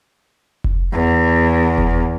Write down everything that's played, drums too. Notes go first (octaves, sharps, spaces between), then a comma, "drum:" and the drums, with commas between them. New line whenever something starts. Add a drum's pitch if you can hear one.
drum: kick F1
E2
drum: kick F1